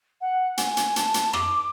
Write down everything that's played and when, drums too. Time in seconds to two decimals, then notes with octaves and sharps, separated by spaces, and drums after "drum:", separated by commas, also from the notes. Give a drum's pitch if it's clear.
0.21 F#5
0.57 G#5, drum: hi-hat
0.77 drum: hi-hat
0.96 A5, drum: hi-hat
1.14 drum: hi-hat
1.33 D6, drum: rim click